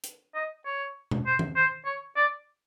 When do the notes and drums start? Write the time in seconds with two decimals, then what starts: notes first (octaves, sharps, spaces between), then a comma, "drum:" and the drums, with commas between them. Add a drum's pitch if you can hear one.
0.04 drum: hi-hat
0.35 D#5
0.66 C#5
1.11 drum: tom B2
1.26 C5
1.39 drum: tom D#3
1.56 C5
1.86 C#5
2.16 D5